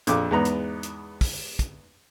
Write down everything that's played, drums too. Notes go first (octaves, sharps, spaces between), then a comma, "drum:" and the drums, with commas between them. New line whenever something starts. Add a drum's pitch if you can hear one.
A#1 F2 D6, drum: hi-hat
E2 G#2 B3 A#5
drum: hi-hat
drum: hi-hat
drum: kick, open hi-hat
drum: kick, hi-hat